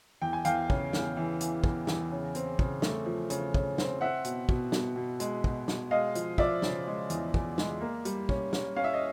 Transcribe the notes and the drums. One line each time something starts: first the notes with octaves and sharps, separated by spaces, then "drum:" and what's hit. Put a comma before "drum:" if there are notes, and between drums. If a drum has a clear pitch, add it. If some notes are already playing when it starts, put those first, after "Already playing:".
E2 G5
G#5
E2 F5 G5, drum: hi-hat
C#3, drum: kick
E2, drum: snare
E3
E2, drum: hi-hat
E2, drum: kick
E2, drum: snare
C#3
C4, drum: hi-hat
C#3, drum: kick
A3, drum: snare
F3
C#3, drum: hi-hat
C#3, drum: kick
C4, drum: snare
C4 E5 F#5
B2, drum: hi-hat
B2, drum: kick
B2, drum: snare
B2
G#3, drum: hi-hat
B2, drum: kick
B2, drum: snare
G#3 D#5 F5
F3, drum: hi-hat
F3 D5 E5, drum: kick
C#3, drum: snare
G#3
E2, drum: hi-hat
E2, drum: kick
G#3, drum: snare
A#3
G3, drum: hi-hat
C#4, drum: kick
C#4, drum: snare
C#4 F5
E5
D#5